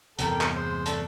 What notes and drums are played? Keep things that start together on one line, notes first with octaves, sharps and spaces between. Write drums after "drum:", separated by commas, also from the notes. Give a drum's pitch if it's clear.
E2 G2 C3 A4 A#4 G5, drum: hi-hat
drum: clap
G#3 C5
A3 D4 A5, drum: hi-hat